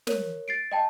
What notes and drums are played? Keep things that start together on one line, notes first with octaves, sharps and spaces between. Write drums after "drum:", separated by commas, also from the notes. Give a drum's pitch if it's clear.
A#4 C#5, drum: snare
A6 C7 D7
D#5 G5 A5